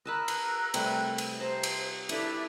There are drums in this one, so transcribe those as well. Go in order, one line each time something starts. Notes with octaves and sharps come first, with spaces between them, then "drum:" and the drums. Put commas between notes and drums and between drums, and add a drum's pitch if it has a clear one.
A#4 D#5 A5 B5 E6 F#6
drum: cymbal
C3 G3 A3, drum: cymbal
drum: cymbal
C5 A5 A#5
drum: cymbal
D4 E4 A4 E5, drum: cymbal